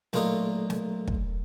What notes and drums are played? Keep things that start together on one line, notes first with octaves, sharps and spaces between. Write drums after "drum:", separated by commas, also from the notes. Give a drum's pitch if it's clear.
B1 A#2 A3 F4 A#4 D#5, drum: snare
drum: snare
drum: kick